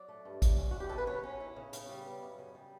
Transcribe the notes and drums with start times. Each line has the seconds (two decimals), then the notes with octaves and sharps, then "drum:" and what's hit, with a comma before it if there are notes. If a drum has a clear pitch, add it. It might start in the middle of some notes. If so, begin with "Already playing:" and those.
Already playing: F#3 D5
0.08 A3
0.25 G2
0.42 F#3, drum: kick A1, hi-hat
0.58 C#4
0.71 E4 F#4
0.80 G4
0.89 C#3 A4
0.98 B4
1.07 F#3 C#5
1.23 C#4
1.40 E4
1.56 C#3
1.73 C#3, drum: hi-hat
1.89 G3
2.05 B3
2.22 F#2
2.38 C#3
2.55 G3